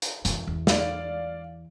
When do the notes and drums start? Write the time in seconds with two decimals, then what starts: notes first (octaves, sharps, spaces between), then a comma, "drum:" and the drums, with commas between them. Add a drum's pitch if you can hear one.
0.02 drum: hi-hat
0.25 F#2 E3, drum: hi-hat
0.47 E2
0.67 D5 F5, drum: snare